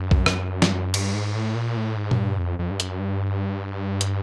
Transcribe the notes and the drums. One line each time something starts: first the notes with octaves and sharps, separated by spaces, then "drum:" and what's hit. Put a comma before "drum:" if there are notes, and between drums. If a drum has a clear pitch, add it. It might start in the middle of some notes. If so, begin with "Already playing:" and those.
Already playing: F#2
drum: kick B1
drum: rim click
G2, drum: snare
F#2
G2, drum: cymbal
G#2
A2
A#2
A2
G#2
F#2, drum: tom A#2
G2
F2
F2
G2
F#2, drum: hi-hat
G2
drum: hi-hat